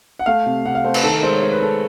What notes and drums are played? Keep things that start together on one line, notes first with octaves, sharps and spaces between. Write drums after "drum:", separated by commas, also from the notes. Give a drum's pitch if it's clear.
F#5
A3 F5
C3
C3 F#5
F5
A3 C5
B4, drum: cymbal
D#3 A4
A#4
G#3 C5
C#5
G#3 C5
B4
G#3 A4